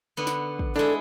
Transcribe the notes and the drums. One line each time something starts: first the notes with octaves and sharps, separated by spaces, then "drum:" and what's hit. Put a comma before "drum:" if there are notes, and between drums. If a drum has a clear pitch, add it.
D3 B3
drum: snare
drum: kick
G#3 D4 E4 A4